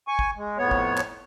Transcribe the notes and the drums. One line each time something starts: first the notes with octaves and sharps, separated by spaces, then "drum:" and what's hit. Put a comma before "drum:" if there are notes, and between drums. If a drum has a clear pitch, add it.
G#5 C#6
drum: kick
G#3
F2 A2 B3 C#5
drum: kick
drum: clap